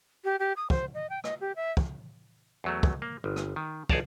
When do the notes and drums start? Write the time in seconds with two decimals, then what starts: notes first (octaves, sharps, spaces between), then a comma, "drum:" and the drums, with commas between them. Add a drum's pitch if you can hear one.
0.24 G4
0.39 G4
0.56 D#6
0.70 C5, drum: kick
0.94 D#5
1.10 G5
1.24 D#5, drum: rim click
1.41 G4
1.56 E5
1.77 drum: kick
2.64 E2 F#3 A3
2.83 drum: kick
3.02 A#3
3.24 G1
3.36 drum: rim click
3.56 D#3
3.89 B1 G#4 C#5 D5 A5 A#5, drum: kick